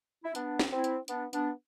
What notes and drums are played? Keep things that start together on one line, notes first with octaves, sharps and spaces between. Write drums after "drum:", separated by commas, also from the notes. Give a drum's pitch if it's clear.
E4
B3 D4, drum: hi-hat
drum: snare
C4 E4
drum: hi-hat
B3 D4, drum: hi-hat
B3 D4, drum: hi-hat